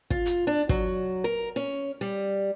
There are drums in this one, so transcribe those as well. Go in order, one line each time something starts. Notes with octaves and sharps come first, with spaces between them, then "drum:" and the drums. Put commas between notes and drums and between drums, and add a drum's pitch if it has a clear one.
F4, drum: kick
drum: hi-hat
D4
F#3, drum: kick
A#4
C#4
G3